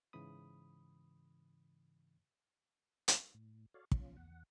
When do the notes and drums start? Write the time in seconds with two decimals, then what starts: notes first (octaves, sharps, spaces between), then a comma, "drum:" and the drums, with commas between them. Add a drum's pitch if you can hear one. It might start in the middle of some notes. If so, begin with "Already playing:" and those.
0.13 G#2 C#3 E3 B5 D#6
3.08 drum: hi-hat
3.34 A2
3.74 F#4 A4 C#5 D5 F5
3.92 C#4 F4, drum: kick
4.17 E2 F#5